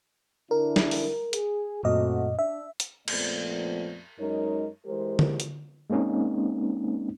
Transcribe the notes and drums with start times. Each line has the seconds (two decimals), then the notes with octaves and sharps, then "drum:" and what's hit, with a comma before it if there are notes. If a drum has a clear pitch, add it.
0.51 D3 D4 E4 A#4
0.76 drum: snare
0.91 drum: open hi-hat
1.33 G#4, drum: hi-hat
1.83 F#2 A#2 A3 C4 F#4 D#5
2.39 D4 E5
2.80 drum: hi-hat
3.08 F2 A#2 F3 A3 B3 D5, drum: cymbal
4.19 F#2 G#3 D#4 A#4 C#5 D#5
4.86 E3 G#3 G4 A#4 C5
5.19 drum: tom D3
5.40 drum: hi-hat
5.90 G#3 A#3 C4 C#4 D#4